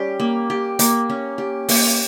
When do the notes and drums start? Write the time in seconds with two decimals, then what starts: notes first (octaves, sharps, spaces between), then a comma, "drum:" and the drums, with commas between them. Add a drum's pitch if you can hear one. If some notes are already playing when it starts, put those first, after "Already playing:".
Already playing: G3 C#4 G4
0.20 A#3
0.50 G4
0.79 A#3, drum: hi-hat
1.10 C#4
1.38 G4
1.69 A#3, drum: open hi-hat